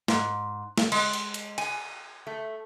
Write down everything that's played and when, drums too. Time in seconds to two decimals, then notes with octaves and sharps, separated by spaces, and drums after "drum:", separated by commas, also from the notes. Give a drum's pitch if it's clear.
0.08 G#2, drum: snare
0.78 drum: snare
0.92 G#3, drum: cymbal
1.13 drum: hi-hat
1.34 drum: hi-hat
1.58 G#5, drum: cymbal
2.27 A3